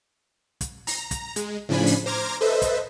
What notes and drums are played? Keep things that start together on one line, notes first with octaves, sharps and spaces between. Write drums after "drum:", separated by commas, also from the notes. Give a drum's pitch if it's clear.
drum: kick, hi-hat
A#5, drum: open hi-hat
drum: kick, hi-hat
G#3, drum: hi-hat
A2 C#3 F3 D4 G#5 B5
drum: open hi-hat
C5 A#5 D6 F6 G#6 A#6
A4 B4 C5 D#5 E5
drum: kick, hi-hat